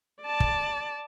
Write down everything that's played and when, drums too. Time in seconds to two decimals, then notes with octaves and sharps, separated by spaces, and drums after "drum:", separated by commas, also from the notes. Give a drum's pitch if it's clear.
0.23 D5 A5
0.40 drum: kick